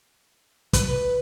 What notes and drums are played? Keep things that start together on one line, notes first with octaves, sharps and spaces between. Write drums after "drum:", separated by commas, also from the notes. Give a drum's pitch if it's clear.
B4, drum: kick, hi-hat